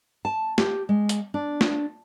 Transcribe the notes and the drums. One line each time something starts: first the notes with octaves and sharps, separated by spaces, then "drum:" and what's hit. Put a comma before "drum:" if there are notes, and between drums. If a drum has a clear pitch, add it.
A5
G4, drum: snare
G#3
drum: hi-hat
D4
drum: snare